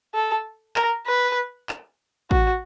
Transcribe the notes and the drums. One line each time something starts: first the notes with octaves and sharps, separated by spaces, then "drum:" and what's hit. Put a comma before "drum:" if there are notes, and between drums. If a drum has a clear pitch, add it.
A4
A#4, drum: clap
B4
drum: clap
F#4, drum: kick A1